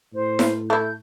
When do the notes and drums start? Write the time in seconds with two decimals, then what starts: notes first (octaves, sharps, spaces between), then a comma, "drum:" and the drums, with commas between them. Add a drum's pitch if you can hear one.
0.13 A2 C5
0.39 drum: snare E4
0.70 A3 E4 G6